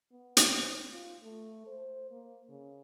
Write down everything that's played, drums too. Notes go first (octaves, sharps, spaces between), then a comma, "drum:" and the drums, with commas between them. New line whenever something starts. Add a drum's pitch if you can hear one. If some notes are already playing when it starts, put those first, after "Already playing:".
B3
drum: hi-hat
C4
F4
A3
C5
A#3
C#3